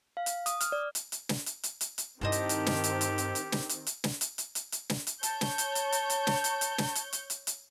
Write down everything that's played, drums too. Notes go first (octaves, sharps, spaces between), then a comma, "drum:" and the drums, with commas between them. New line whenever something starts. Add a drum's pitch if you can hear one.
F5
drum: hi-hat
D#6, drum: hi-hat
F6, drum: hi-hat
D5
drum: hi-hat
drum: hi-hat
drum: snare
drum: hi-hat
drum: hi-hat
drum: hi-hat
drum: hi-hat
G2 D#3 C4 E4 G4 A4 C5 D#5
drum: hi-hat
drum: hi-hat
drum: snare
drum: hi-hat
drum: hi-hat
drum: hi-hat
drum: hi-hat
drum: snare
drum: hi-hat
drum: hi-hat
drum: snare
drum: hi-hat
drum: hi-hat
drum: hi-hat
drum: hi-hat
drum: snare
drum: hi-hat
C#5 A5 G6, drum: hi-hat
drum: snare
drum: hi-hat
drum: hi-hat
drum: hi-hat
drum: hi-hat
drum: snare
drum: hi-hat
drum: hi-hat
drum: snare
drum: hi-hat
drum: hi-hat
drum: hi-hat
drum: hi-hat